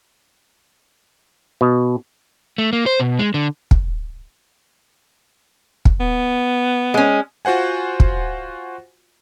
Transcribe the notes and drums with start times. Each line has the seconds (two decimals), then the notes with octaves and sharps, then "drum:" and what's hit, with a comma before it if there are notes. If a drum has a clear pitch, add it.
1.61 B2
2.58 A3
2.73 A#3
2.86 C5
3.00 B2
3.19 G#3
3.34 D3
3.71 drum: kick
5.85 drum: kick
6.00 B3
6.94 G#3 C#4
7.45 F4 F#4 C5 F#5 G#5
8.00 drum: kick